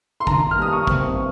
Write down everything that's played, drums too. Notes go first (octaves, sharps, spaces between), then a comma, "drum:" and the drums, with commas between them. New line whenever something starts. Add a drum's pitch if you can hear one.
C6
D#3 A#5, drum: kick
F6
G3 D#6
C#6
C4, drum: kick